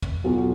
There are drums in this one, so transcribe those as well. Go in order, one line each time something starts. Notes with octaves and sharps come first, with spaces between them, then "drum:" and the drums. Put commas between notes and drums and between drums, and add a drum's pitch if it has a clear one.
drum: tom
B1 B2 F#3 B3 F4